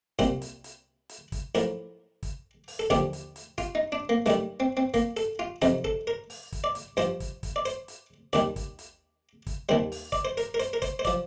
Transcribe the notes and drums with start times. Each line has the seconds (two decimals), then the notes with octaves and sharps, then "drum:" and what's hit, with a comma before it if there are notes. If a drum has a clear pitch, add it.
0.19 C2 A#2 G3 C5, drum: kick, hi-hat
0.42 drum: hi-hat
0.64 drum: hi-hat
1.09 drum: hi-hat
1.32 drum: kick, hi-hat
1.55 A2 F3 A#4, drum: hi-hat
2.23 drum: kick, hi-hat
2.68 drum: open hi-hat
2.79 A4
2.90 D#2 D3 F3 G4, drum: kick, hi-hat
3.13 drum: hi-hat
3.36 drum: hi-hat
3.58 F4, drum: kick, hi-hat
3.75 D#4
3.92 D4
4.09 A#3
4.26 G2 D#3 G3 A3, drum: hi-hat
4.60 C4
4.77 C4
4.94 A#3, drum: kick, hi-hat
5.17 A4, drum: hi-hat
5.39 F4
5.62 F2 C3 F3 D#4, drum: hi-hat
5.84 A4, drum: kick
6.07 A#4
6.30 drum: open hi-hat
6.52 drum: kick, hi-hat
6.64 D5
6.75 drum: hi-hat
6.97 G2 F3 C5, drum: hi-hat
7.20 drum: kick, hi-hat
7.43 drum: kick, hi-hat
7.56 D5
7.66 C5, drum: hi-hat
7.88 drum: hi-hat
8.33 D#2 D#3 G3 D5, drum: hi-hat
8.56 drum: kick, hi-hat
8.79 drum: hi-hat
9.47 drum: kick, hi-hat
9.69 D#2 D#3 G3 C5
9.92 drum: open hi-hat
10.12 D5, drum: kick, hi-hat
10.25 C5
10.37 A#4, drum: hi-hat
10.54 A#4
10.60 C5, drum: hi-hat
10.73 A#4
10.82 C5, drum: kick, hi-hat
10.99 C5
11.05 F3 D5, drum: kick, hi-hat